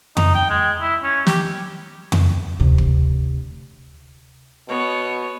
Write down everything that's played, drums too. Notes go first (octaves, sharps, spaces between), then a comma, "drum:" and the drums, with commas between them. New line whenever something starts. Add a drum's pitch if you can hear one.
D#4, drum: tom F2
G5
G#3
E4
C#4
G4, drum: snare
drum: tom F2
D2 C3
drum: kick
B2 B3 C#5